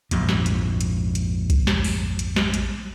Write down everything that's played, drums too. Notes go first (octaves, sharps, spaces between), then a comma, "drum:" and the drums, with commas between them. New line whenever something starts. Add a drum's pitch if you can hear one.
A#1 F2 G#2, drum: hi-hat
drum: snare
drum: hi-hat
drum: hi-hat
drum: hi-hat
drum: kick C2, hi-hat
drum: snare
drum: open hi-hat
drum: hi-hat
drum: snare
drum: hi-hat